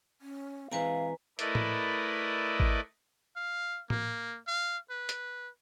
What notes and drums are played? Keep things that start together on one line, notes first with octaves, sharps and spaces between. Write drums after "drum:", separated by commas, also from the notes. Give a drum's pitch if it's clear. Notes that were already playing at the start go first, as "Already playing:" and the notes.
C#4
E3 G#3 C4 B4 F5 G#5 A#5
A3 E4 A#4 B4 D5 D#5, drum: hi-hat
drum: tom A2
drum: kick G#1
F5
A#3, drum: tom A2
F5
B4
drum: hi-hat